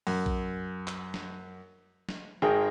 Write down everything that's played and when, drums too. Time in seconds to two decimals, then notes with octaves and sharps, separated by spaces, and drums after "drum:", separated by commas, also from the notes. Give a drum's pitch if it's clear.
0.07 F#2, drum: open hi-hat
0.26 drum: kick A#1
0.88 drum: clap
1.14 drum: snare
2.09 drum: snare
2.42 G#1 G#3 G#4 A#4 G5